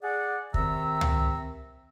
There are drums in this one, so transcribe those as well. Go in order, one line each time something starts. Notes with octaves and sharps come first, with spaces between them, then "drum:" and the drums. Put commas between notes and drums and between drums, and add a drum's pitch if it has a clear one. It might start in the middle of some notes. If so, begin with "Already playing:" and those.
G#4 D5 F#5
C3 D#3 C4 E5 A#5 E6, drum: kick
drum: tom